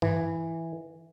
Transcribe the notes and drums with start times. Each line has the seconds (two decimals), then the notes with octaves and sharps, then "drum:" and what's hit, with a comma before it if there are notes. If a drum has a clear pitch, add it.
0.02 E3, drum: tom G2